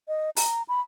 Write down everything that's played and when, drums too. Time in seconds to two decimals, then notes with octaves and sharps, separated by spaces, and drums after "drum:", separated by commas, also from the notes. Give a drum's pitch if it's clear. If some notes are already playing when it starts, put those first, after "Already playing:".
0.08 D#5
0.37 A#5, drum: open hi-hat
0.69 B5